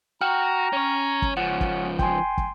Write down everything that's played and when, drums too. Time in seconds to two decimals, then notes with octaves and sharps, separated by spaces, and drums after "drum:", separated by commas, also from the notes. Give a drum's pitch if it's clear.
0.21 F#4 G5 A#5 F6
0.73 C#4 C#5
1.22 drum: kick
1.37 C#2 F3 C#4 F#5
1.61 drum: kick
1.99 G5 G#5 C6, drum: kick
2.38 drum: kick